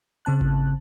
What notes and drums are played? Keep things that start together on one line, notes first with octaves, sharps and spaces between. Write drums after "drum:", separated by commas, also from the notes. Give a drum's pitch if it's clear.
C#3 C4 A5 F#6
drum: kick G#1